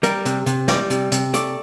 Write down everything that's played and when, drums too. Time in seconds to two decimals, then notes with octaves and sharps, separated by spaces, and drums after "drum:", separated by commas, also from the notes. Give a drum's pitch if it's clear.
0.03 G3 A#4, drum: hi-hat
0.25 C3, drum: hi-hat
0.46 C3, drum: hi-hat
0.68 G3 D5, drum: snare
0.90 C3, drum: hi-hat
1.12 C3, drum: hi-hat
1.33 A3 D5, drum: hi-hat